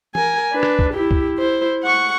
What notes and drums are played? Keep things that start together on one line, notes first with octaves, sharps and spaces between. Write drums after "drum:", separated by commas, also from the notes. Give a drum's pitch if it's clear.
A#4 G#5, drum: tom E3
D4 B4
drum: rim click
drum: kick
E4 G4
drum: kick
E4 C5
F#5 C#6